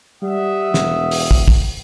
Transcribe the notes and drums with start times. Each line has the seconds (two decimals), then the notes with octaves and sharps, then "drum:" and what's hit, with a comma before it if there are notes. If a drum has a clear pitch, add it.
0.22 G3 E5 F#5 D#6
0.74 E1, drum: snare
1.11 drum: open hi-hat
1.31 drum: kick
1.48 drum: kick